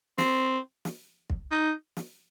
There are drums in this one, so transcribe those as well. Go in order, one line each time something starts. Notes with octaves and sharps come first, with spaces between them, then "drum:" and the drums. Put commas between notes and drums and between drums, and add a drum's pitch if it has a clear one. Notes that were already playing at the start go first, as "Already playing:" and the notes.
C4, drum: snare
drum: snare
drum: kick
D#4
drum: snare